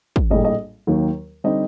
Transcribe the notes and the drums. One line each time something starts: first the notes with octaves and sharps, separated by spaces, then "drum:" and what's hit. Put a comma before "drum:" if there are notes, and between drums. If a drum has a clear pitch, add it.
drum: kick
A#1 A2 G3 D#5
D#5
D#2 D#3 F#3
D3 G3 C4 D#4 D#5